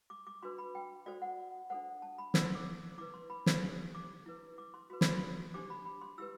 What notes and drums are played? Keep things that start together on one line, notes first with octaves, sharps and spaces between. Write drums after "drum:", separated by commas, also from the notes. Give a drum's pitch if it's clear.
D6
D6
D4 F#4 B4 C6
B5
G5
F#4 A4 C5 D5
F#5
D4 A4 C5 F#5
A5
B5
E4 A4 C5 E6, drum: snare
C6
D6
E4 B4 D6
C6
B5
drum: snare
D4 G4 C5
D6
E4 B4
D6
C6
F#4 B4 C6
B5, drum: snare
C6
D4 G4 C5 D6
B5
B5
C6
E4 G4 B4 E6